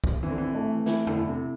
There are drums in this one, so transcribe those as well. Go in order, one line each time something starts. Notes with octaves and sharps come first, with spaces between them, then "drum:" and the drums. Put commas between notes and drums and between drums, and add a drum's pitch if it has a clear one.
drum: kick
E3 C4
D3
E3
A3
E3 E4, drum: snare
D3, drum: tom E2
E4
C3